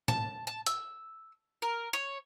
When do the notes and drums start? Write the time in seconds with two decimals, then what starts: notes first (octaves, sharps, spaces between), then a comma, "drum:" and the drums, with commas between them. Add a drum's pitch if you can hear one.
0.08 A5, drum: tom A2
0.47 A5
0.66 E6, drum: hi-hat
1.62 A#4
1.93 C#5